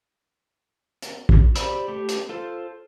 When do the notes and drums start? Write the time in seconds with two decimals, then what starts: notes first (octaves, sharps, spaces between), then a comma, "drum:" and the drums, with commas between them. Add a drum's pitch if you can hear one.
1.02 drum: hi-hat
1.29 drum: kick
1.56 G4 C5 D5 B5 E6, drum: hi-hat
1.88 A3 G4
2.09 drum: hi-hat
2.29 F4 A4 C5